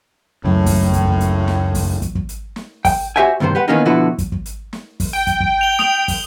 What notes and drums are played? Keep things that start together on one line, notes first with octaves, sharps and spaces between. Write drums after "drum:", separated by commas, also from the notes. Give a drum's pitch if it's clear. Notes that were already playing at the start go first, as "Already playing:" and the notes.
C#2 F#2 A2
drum: kick, open hi-hat
drum: kick, hi-hat
drum: kick
drum: hi-hat
drum: snare
drum: kick, open hi-hat
drum: kick, hi-hat
drum: kick
drum: hi-hat
drum: snare
G5, drum: kick, open hi-hat
F#4 G4 C5 E5 G5 G#5
D2 G2 C3 D#3 C5
G4 B4 F#5
D#3 E3 A#3 B3 C#4 D#4
B2 D3 F3 E4 F#4 B4
drum: kick, hi-hat
drum: kick
drum: hi-hat
drum: snare
drum: kick, open hi-hat
G5
drum: kick, hi-hat
drum: kick
F7 G7
D#6 F7, drum: snare
drum: kick, open hi-hat